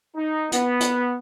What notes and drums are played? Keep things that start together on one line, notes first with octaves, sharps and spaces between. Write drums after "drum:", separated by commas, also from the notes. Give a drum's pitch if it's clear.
D#4
B3, drum: hi-hat
drum: hi-hat